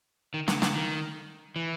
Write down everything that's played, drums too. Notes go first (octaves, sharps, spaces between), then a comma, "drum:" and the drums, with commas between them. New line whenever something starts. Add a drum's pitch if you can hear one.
D#3
D3, drum: snare
D3, drum: snare
D#3
E3